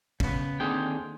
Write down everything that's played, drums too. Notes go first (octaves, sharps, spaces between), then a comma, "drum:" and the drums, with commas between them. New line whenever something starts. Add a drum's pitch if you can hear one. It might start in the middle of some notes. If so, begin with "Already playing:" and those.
C#3 B3, drum: kick G#1
D#2 D3 C4 G#4 G5